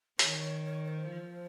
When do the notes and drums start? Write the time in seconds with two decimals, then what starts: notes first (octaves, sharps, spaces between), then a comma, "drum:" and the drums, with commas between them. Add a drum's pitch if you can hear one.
0.19 D#3 C#5, drum: hi-hat
0.43 C#5
0.65 C#5
0.84 C#5
0.88 C5
1.11 F3